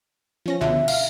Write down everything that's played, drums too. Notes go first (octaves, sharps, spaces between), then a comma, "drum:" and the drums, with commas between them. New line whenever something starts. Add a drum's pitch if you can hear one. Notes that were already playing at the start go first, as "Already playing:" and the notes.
F3 C#4 A#6
C#2 B2 D3 E5
F5, drum: cymbal